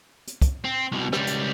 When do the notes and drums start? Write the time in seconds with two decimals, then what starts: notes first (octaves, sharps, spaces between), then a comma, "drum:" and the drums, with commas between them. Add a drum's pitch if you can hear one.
0.27 drum: hi-hat
0.42 drum: kick, hi-hat
0.65 C4
0.92 C2 B2
1.13 C#2 G3, drum: rim click
1.27 drum: hi-hat